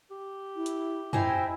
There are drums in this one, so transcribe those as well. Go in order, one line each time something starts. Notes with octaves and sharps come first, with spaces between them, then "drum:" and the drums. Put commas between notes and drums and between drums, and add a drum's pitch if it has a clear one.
G4
E4
drum: hi-hat
D#4 E4 C5 G5 G#5, drum: tom